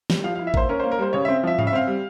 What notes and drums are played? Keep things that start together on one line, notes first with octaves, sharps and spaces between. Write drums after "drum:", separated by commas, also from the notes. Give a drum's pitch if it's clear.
G3, drum: snare
F3 F5
E4 F5
E5
A#3 C5, drum: kick G#1
C#4 A#4
A#3 C5
A#4
G3 C5
C#3 C#5
C4 E5
F3 E5
C#3 F5, drum: tom G#2
E5
C4 F5
G3